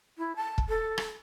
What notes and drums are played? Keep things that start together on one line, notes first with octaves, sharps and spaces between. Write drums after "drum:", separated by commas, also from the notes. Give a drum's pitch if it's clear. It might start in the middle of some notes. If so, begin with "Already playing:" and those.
E4
A5
drum: kick
A4
drum: rim click